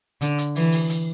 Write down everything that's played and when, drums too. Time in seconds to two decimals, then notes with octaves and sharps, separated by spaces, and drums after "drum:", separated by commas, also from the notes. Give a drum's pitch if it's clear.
0.21 D3, drum: hi-hat
0.38 drum: hi-hat
0.56 E3, drum: open hi-hat
0.72 drum: open hi-hat
0.90 drum: hi-hat